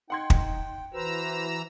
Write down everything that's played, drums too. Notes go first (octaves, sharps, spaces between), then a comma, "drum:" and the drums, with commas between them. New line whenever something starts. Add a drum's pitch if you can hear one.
D#4 F#5 G5 C6 G#6
drum: kick
E3 F#4 B4 C5 A#5 E6